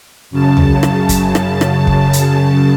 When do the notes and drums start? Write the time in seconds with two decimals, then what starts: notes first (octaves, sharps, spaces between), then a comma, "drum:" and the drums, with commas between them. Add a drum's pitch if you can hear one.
0.31 F#2 C#3 A5
0.57 drum: tom
0.83 drum: rim click
1.09 drum: kick, hi-hat
1.35 drum: rim click
1.61 drum: rim click
1.87 drum: kick
2.13 drum: hi-hat